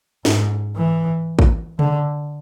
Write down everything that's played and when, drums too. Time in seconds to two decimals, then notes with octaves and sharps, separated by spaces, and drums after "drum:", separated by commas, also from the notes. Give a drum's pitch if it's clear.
0.25 G#2, drum: snare
0.76 E3
1.39 drum: kick
1.79 D3, drum: tom C3